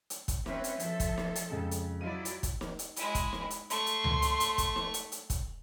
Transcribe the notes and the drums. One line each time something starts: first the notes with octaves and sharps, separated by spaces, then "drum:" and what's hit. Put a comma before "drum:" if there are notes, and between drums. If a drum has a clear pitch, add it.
drum: hi-hat
drum: kick, hi-hat
C4 C#4 B4 E5, drum: snare
drum: hi-hat
F3 A4, drum: hi-hat
drum: kick, hi-hat
drum: snare
drum: hi-hat
F2 C#3 G#3
drum: hi-hat
F#3 E4 F4 D5 D#5 F5 D#7
drum: hi-hat
drum: kick, hi-hat
drum: snare
drum: hi-hat
G#3 E4, drum: hi-hat
drum: kick, hi-hat
drum: snare
drum: hi-hat
A3 C6 C#6, drum: hi-hat
drum: hi-hat
drum: tom C#2
drum: hi-hat
drum: hi-hat
drum: kick, hi-hat
drum: snare
drum: hi-hat
drum: hi-hat
drum: kick, hi-hat